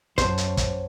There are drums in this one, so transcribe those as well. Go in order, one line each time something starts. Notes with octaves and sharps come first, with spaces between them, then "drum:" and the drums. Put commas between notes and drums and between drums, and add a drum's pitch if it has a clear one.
F#2 C5 C#5 F#5 A5, drum: kick, hi-hat
drum: hi-hat
drum: kick, hi-hat